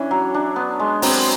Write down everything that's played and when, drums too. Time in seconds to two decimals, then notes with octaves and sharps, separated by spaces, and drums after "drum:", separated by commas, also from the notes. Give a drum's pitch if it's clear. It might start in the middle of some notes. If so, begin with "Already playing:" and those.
Already playing: E3 C#4 D4
0.11 F#3
0.34 D4
0.56 B3
0.79 G#3
1.02 F#3 C4, drum: open hi-hat